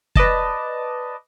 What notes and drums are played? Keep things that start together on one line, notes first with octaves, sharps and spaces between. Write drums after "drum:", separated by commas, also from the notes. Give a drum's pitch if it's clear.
B4 D5 D#5 A5, drum: kick